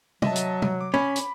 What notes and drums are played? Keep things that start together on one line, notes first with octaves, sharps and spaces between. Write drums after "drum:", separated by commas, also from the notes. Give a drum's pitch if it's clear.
F#3 D#5 E5 A5, drum: tom C3
drum: hi-hat
drum: tom C3
D6
C#4 B5
drum: hi-hat